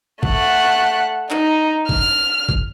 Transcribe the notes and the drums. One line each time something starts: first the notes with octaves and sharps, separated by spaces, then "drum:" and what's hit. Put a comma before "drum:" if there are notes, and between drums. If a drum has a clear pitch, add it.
A3 F#5, drum: kick G1
D#4, drum: clap
F6, drum: kick G1
drum: kick G1